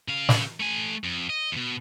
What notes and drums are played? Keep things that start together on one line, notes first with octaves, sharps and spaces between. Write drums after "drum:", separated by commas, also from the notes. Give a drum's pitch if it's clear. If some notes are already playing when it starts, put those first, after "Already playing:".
C#3 F5
drum: snare
A3 G#5
F2
D#5
D#2 B2